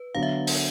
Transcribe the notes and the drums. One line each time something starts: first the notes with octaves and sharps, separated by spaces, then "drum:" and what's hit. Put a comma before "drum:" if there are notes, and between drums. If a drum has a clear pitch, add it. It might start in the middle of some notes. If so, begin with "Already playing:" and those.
Already playing: B4
D3 F#3 B3 F5
E5
drum: open hi-hat